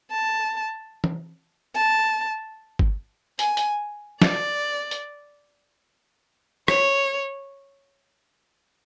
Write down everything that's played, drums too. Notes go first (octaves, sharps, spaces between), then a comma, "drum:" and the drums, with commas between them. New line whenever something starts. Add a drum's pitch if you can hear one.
A5
drum: tom
A5
drum: kick G1
G#5, drum: hi-hat
drum: hi-hat
D5, drum: snare
drum: hi-hat
C#5, drum: rim click